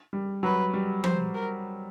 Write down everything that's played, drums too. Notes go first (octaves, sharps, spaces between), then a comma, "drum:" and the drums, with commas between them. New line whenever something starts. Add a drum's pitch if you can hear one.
G3
F#3 B4
G3
C5, drum: tom F3
A#4